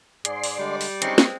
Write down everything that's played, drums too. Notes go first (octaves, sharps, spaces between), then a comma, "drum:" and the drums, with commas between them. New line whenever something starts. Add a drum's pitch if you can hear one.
G#2 G#4 D5 C6, drum: hi-hat
drum: open hi-hat
D3 G3 G#3
drum: open hi-hat
G#3 C4 C#4 D#4 C6 C#6, drum: hi-hat
drum: snare